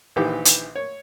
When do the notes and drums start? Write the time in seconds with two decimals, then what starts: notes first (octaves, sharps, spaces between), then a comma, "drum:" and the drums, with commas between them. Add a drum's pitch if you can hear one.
0.16 A#1 D#3 E3 G4
0.45 drum: hi-hat
0.76 C#5